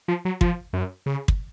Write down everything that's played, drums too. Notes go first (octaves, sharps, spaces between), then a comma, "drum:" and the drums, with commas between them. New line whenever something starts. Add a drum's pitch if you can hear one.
F3
F#3
F3, drum: kick
F#2
C#3
drum: kick